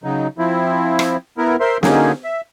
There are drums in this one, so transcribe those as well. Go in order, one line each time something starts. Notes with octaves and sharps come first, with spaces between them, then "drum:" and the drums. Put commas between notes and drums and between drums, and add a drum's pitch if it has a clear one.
C#3 F#3 D#4
F3 C4 E4
drum: rim click
B3 E4 A#4
A#4 C5 E5 C6
D3 F#3 A#3 C#4 D#4 G#4, drum: snare
E5